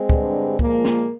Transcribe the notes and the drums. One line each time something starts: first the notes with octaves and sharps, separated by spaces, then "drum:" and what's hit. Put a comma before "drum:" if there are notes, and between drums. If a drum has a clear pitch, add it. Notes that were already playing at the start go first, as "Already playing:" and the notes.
Already playing: G#3 C4
G2 D3 G3, drum: kick
A#2 F3 G#3 A#3, drum: kick
drum: snare